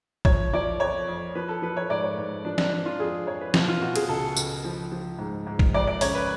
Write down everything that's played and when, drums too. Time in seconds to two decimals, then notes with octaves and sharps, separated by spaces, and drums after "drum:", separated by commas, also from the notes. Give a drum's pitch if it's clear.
0.25 F3 C#5, drum: kick
0.53 F3 D5
0.80 F2 C#5
1.08 F2
1.35 F3 B4
1.49 A4
1.62 F3 B4
1.77 C#5
1.90 G#2 D5
2.04 C#5
2.17 G#2
2.45 F3 D4
2.58 D4, drum: snare
2.72 F3 D4
2.85 F4
2.99 F2 G#4
3.27 F2 C#5
3.41 B4
3.54 B2 F4, drum: snare
3.68 F4
3.81 B2 F#4
3.96 G#4, drum: cymbal
4.09 C#2 A4
4.36 C#2, drum: tambourine
4.64 F3
4.92 F3
5.19 G#2
5.47 G#2
5.59 drum: kick
5.74 F2 D5
5.87 D5
6.01 C#3 C#5, drum: open hi-hat
6.15 B4